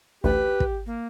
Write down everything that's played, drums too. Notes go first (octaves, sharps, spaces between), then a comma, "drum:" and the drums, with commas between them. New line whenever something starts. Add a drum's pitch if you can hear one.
A1 D2 G4 B4
drum: kick
A#3